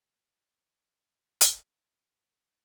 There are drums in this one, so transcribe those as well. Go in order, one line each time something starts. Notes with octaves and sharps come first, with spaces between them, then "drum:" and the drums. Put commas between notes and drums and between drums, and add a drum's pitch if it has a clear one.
E3 F#6 A6
drum: hi-hat